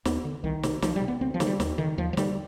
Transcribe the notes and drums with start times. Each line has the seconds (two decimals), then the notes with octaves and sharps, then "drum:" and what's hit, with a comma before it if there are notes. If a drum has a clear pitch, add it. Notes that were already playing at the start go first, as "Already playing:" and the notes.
0.05 D#2 B3, drum: snare
0.25 D3
0.44 C2 D#3
0.63 C3, drum: snare
0.82 C2 F3, drum: snare
0.96 G3
1.01 C3
1.08 B3
1.21 D2 C4
1.34 F3
1.40 D3, drum: snare
1.47 G3
1.60 D#2, drum: snare
1.78 D3 D#3
1.98 D#2 F3
2.13 F3
2.17 D3 G3, drum: snare